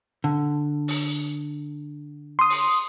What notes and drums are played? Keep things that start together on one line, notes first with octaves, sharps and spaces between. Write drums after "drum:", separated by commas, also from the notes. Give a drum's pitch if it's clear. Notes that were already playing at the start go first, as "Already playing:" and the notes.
D3
drum: open hi-hat
C6 D#6
drum: open hi-hat